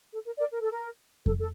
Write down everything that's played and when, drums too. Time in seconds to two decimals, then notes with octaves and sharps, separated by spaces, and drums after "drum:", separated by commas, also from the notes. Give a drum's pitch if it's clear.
0.13 A4
0.26 A#4
0.38 A#4 D5
0.50 A#4
0.61 A4
0.71 A#4
1.26 A4, drum: kick F2
1.39 A4